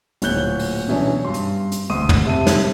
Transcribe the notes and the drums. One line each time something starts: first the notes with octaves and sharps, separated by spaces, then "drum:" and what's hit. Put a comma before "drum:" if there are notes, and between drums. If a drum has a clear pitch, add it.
D1 A#2 C#5 F#6 G6 G7, drum: hi-hat
drum: open hi-hat
B2 E3 F#3 C#4 D4
G2 C6
drum: hi-hat
drum: hi-hat
E1 D2 C6 D#6 D#7
drum: tom
C3 E5 A5 D#7
drum: snare